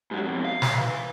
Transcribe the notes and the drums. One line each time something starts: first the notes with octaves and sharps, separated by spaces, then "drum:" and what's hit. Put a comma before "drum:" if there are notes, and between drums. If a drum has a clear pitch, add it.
G#2 F#3
F2 B2
F5
drum: snare
E3